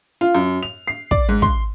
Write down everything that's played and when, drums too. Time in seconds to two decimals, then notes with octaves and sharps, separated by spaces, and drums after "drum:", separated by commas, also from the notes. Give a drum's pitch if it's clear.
0.21 F4
0.35 F#2
0.63 F7
0.88 C7
1.11 D5, drum: kick
1.29 G#2
1.42 C6, drum: kick